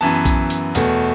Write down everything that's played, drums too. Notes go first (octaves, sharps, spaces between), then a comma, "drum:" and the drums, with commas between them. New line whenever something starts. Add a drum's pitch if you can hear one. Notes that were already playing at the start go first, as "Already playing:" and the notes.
F#2 E3 B3 A5
drum: kick A#1, hi-hat
drum: hi-hat
E2 B2 A3, drum: hi-hat